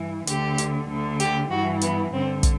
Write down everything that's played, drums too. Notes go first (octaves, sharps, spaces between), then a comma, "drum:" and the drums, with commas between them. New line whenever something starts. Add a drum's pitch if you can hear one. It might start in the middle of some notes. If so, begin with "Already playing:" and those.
Already playing: G2 E3
D2 D3 G4, drum: hi-hat
drum: hi-hat
D2 D3
G4, drum: hi-hat
G2 E3 F#4
B3, drum: hi-hat
G2 D3 C4
drum: kick, hi-hat